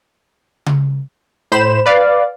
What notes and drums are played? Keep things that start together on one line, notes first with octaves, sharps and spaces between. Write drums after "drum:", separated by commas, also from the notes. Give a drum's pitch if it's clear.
drum: tom C#3
A2 C5 B5 E7
B4 D5 F5